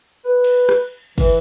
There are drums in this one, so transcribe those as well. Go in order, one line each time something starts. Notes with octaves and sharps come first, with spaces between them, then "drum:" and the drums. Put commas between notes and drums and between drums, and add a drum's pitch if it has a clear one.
B4
drum: cymbal
drum: rim click
E3, drum: kick, cymbal